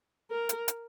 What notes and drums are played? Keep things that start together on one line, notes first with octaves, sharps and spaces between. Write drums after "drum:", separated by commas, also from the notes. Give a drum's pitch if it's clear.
A#4
drum: hi-hat
drum: hi-hat